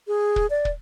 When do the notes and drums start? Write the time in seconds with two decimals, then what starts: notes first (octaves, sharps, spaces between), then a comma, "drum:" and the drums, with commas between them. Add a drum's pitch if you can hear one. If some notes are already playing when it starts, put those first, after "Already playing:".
0.07 G#4
0.36 drum: kick
0.50 D5
0.65 drum: kick